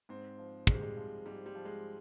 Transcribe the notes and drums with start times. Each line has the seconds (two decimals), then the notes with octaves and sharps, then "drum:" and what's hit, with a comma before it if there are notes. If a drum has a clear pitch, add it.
0.09 G#2 C4
0.38 F3
0.67 G#2 G#3, drum: kick
0.75 G3
0.81 G#3
0.97 F3
1.25 G#2 G3
1.46 G3
1.55 F3
1.65 G#3